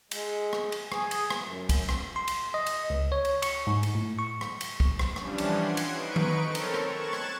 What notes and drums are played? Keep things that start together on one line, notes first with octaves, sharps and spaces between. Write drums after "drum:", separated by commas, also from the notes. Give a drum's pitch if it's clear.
G#3, drum: cymbal
drum: rim click
drum: cymbal
G#4, drum: rim click
drum: cymbal
drum: rim click
F#2
drum: kick, cymbal
drum: rim click
C6
drum: cymbal
D#5
drum: cymbal
C#2
C#5
drum: cymbal
C#6, drum: cymbal
G#2
drum: cymbal
A2
C#6
drum: rim click
drum: cymbal
drum: kick
drum: rim click
E3 F3 G3 C#4 D4, drum: rim click
drum: cymbal
F#5 C6 G#6 C7 D7
drum: cymbal
D#4 B4 C#6 D7
drum: tom D#3
C4 A4 A#4 C#5
drum: cymbal
drum: rim click
C#6 F#6 G#6 A6 E7
drum: rim click